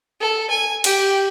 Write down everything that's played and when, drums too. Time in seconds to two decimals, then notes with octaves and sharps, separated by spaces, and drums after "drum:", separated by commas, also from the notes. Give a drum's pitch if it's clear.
0.21 A4
0.51 G#5
0.84 G4, drum: cymbal